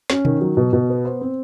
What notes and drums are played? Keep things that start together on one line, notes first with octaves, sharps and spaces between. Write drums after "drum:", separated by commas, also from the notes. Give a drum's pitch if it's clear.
C#4, drum: snare
D#3, drum: tom B2
F#3
B2
B2
B3
C5
C4